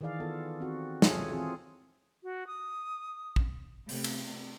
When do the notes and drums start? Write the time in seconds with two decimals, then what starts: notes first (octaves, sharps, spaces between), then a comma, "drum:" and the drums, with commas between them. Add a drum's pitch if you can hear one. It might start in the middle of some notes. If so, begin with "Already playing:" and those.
0.01 D#3 E3 G#4 D5 F5
0.20 B3 F4 A4
0.60 C4 F#4
1.02 F4 G#4 A4 C#5 E5 F5, drum: snare
1.32 E3 C4 F4 G#4
2.23 F#4
2.47 D#6
3.36 drum: kick
3.89 C3 A3 B3, drum: open hi-hat
4.04 drum: cymbal